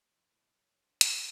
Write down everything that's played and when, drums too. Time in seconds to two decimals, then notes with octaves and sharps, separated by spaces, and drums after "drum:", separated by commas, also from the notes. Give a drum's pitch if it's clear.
0.11 F2
0.31 B1 A2
0.55 F#2
0.83 D3 C5
1.01 G#2, drum: hi-hat
1.15 C#4